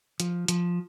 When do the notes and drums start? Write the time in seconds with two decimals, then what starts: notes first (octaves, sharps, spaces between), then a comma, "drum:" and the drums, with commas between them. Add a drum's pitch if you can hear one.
0.20 F3, drum: hi-hat
0.48 F3, drum: hi-hat